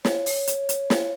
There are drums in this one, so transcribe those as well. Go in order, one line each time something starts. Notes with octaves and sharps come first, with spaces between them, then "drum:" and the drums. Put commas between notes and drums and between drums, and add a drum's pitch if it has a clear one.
C#5, drum: snare
drum: open hi-hat
drum: hi-hat
drum: hi-hat
drum: snare